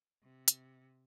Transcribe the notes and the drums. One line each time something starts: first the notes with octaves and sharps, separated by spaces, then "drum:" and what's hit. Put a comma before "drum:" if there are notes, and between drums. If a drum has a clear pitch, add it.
C3
drum: hi-hat